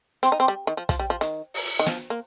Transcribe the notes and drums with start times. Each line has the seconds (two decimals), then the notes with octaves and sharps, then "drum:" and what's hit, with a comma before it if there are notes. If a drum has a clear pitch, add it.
0.23 C4, drum: hi-hat
0.32 D#4
0.40 C4
0.48 G3
0.67 D#3
0.77 F3
0.89 F3, drum: kick, hi-hat
0.99 G3
1.10 F3
1.21 D#3, drum: hi-hat
1.54 drum: open hi-hat
1.79 D#3
1.87 F3, drum: snare
2.10 A#3